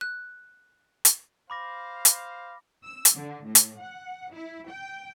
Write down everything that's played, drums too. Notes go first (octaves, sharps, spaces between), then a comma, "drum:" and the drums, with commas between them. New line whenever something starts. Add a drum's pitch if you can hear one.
F#6
drum: hi-hat
C5 F5 B5 D6 A#6
drum: hi-hat
E6
drum: hi-hat
D3
A2
drum: hi-hat
F#5
E4
G5